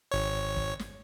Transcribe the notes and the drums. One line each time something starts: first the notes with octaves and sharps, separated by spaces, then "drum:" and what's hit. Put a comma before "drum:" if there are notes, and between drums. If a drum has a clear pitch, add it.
G#1 C#5
drum: kick
drum: snare